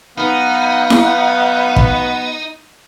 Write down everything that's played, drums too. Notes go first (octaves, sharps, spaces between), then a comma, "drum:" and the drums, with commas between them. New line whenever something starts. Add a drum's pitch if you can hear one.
F#3 B3 D#4 F5 F#5
drum: snare E4
drum: kick